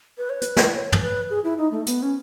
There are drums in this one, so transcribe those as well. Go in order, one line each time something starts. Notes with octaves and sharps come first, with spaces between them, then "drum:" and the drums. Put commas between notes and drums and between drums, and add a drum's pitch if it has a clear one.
B4
C#5
B4, drum: hi-hat
drum: snare
C#5
drum: tom
B4
G#4
E4
D#4
A3
B3, drum: hi-hat
C#4